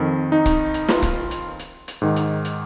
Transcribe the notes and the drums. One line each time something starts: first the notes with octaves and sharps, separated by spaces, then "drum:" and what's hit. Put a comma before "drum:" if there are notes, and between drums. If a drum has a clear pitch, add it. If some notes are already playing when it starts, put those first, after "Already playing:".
Already playing: F2 D#3
D#4
drum: kick, hi-hat
drum: hi-hat
F4, drum: snare
drum: kick, hi-hat
drum: hi-hat
drum: hi-hat
drum: hi-hat
G#2 D#3
drum: hi-hat
drum: hi-hat